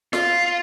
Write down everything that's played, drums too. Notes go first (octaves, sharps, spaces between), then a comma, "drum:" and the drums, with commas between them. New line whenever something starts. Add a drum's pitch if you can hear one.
F4, drum: snare